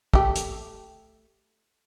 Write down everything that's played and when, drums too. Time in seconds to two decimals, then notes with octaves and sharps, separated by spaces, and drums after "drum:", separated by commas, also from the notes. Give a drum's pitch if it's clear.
0.14 A3 G4, drum: kick
0.35 drum: hi-hat